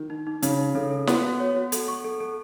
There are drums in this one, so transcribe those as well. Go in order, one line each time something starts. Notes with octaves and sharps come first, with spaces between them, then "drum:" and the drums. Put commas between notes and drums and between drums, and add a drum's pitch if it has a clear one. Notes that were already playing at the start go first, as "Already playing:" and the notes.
Already playing: D#3
D#4
D#4
C#3 D#4, drum: hi-hat
D#4
C#3 A4
A4
B3 F#4, drum: snare
F#4
C#5
F#4
A4, drum: hi-hat
C#6
A4
A4